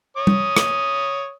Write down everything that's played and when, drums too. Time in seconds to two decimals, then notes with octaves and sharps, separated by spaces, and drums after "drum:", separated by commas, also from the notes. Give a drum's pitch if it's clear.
0.17 C#5 D#6
0.27 drum: tom G3
0.57 drum: rim click